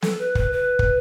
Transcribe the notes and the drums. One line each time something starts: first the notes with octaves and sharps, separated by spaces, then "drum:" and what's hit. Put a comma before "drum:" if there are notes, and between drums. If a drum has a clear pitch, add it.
A4, drum: snare
B4
B4, drum: kick
B4
drum: kick